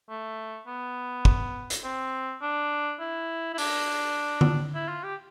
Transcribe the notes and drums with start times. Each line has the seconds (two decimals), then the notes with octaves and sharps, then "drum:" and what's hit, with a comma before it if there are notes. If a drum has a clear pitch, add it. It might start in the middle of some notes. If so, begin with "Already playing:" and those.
0.09 A3
0.67 B3
1.25 drum: kick
1.70 drum: hi-hat
1.84 C4
2.41 D4
3.00 E4
3.54 E4
3.58 D4, drum: open hi-hat
4.41 drum: tom D3
4.75 E4
4.88 F4
5.03 G4